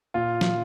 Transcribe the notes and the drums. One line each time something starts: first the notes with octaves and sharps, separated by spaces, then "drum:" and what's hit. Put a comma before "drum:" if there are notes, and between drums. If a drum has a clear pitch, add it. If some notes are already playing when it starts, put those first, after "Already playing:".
A#2 F4
drum: snare